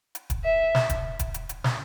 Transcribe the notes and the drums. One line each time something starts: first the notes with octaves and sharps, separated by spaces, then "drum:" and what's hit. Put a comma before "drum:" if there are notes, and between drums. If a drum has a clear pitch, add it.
drum: hi-hat
drum: kick D#1, hi-hat
E5
drum: snare
drum: kick D#1, hi-hat
drum: kick D#1, hi-hat
drum: hi-hat
drum: hi-hat
drum: snare